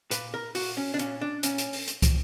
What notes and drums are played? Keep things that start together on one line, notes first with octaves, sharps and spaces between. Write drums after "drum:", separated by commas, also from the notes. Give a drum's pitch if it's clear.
A#2 B4, drum: hi-hat
A#4
A#2 F#4, drum: open hi-hat
C#4
D4
A#2 C#4, drum: hi-hat
D4
A#2 C#4, drum: hi-hat
drum: hi-hat
drum: open hi-hat
drum: hi-hat
drum: kick, hi-hat